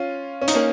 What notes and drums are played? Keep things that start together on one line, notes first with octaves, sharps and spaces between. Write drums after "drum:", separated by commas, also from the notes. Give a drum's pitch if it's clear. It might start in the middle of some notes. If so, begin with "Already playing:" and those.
Already playing: C#4 F4
C#4
D#4, drum: hi-hat
A#3 C#4